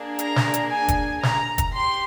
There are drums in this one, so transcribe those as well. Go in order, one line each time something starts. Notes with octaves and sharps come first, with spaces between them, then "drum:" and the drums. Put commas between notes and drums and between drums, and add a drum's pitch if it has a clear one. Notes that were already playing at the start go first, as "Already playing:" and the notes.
Already playing: A#3 D4 G#4
A#5, drum: hi-hat
drum: snare
drum: hi-hat
G#5
drum: kick, hi-hat
A#5, drum: snare
drum: kick, hi-hat
G4 C6